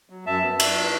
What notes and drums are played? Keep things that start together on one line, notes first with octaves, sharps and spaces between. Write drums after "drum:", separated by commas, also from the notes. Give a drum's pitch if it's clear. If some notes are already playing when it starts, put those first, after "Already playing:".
F#3
F#2 E5 A5
B3
F#2, drum: cymbal
F#3